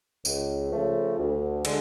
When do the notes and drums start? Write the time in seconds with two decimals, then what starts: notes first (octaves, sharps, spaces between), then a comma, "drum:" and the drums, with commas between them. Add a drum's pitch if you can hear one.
0.25 C#2, drum: tambourine
0.72 C#3 F3 A3
1.18 D2
1.65 D3 G#3, drum: cymbal